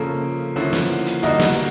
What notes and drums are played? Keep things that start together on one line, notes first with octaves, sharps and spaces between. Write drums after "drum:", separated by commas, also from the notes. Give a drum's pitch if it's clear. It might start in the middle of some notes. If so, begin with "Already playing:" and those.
Already playing: C#3 F3 A#3 C#4 A4
D3 F3 A#3 C#4 E4
drum: snare
drum: hi-hat
D3 G3 A#3 D#4 F#4 D#5
drum: snare